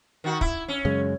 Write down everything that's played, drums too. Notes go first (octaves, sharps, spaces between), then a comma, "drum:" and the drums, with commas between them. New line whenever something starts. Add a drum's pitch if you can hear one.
D#3 F#4
E4, drum: kick
C#4
F#2 C#3 G#3